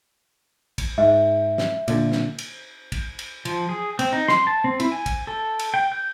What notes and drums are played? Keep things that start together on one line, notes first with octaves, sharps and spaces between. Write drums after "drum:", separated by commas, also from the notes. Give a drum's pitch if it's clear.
drum: kick, cymbal
G#2 E5
drum: snare
A#2 D3, drum: cymbal
drum: snare
drum: cymbal
drum: kick, cymbal
drum: cymbal
F3, drum: cymbal
G#4
C4, drum: cymbal
D#4
C6, drum: snare
A5
C4
E4, drum: cymbal
G#5
drum: kick, cymbal
A4
drum: cymbal
G5
G6